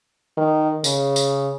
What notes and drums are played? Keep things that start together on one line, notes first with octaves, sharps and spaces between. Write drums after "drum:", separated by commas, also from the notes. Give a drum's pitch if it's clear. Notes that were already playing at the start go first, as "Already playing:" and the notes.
D#3
C#3, drum: tambourine
drum: tambourine